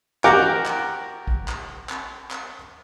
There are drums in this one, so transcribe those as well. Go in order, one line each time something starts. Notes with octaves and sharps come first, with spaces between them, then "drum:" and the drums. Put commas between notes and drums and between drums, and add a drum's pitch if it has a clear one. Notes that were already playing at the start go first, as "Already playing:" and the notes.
F#4 G4 A#4 D6, drum: clap
drum: clap
drum: kick
drum: clap
drum: clap
drum: clap